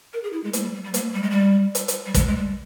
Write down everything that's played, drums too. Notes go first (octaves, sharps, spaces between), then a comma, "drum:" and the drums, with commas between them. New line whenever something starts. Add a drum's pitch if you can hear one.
A#4
G#4
E4
G#3
A#3, drum: hi-hat
G3
G3
G3
A#3, drum: hi-hat
G3
G#3
G3
drum: hi-hat
drum: hi-hat
G3
G#3, drum: kick, hi-hat
G#3
G3